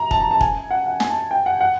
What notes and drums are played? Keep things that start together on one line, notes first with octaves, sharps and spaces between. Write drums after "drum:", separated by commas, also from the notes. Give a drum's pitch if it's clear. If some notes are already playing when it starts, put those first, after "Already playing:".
Already playing: A#5
A5, drum: kick
A#5
A5
G#5, drum: kick
F#5
F#5
G#5, drum: snare
A5
G5
F#5
F#5